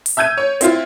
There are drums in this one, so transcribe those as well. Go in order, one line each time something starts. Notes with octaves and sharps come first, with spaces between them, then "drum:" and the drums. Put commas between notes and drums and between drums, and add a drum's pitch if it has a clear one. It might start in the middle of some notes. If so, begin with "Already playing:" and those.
drum: open hi-hat
E5 E6 G6 G#6 D#7
C#5
C4 E4 F4, drum: hi-hat